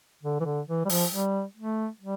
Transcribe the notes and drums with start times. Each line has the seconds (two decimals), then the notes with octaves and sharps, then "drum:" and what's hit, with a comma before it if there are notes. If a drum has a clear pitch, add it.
0.23 D3
0.40 E3
0.45 D3
0.68 E3
0.85 G3
0.89 F3, drum: open hi-hat
1.12 G3
1.57 A3
2.01 G3